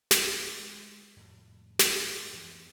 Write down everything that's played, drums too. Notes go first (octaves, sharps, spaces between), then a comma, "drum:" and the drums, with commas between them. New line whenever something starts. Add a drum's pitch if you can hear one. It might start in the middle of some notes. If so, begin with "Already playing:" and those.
D1 C4, drum: snare
G#3
F2 A2
drum: snare
G2
F2 E3 F3 B3